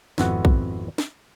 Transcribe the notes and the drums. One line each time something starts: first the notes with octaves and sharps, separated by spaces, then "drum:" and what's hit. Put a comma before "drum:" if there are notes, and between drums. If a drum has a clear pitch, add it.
G#1 F2 B3 E4 F#4 F#5, drum: snare
drum: kick A#1
drum: snare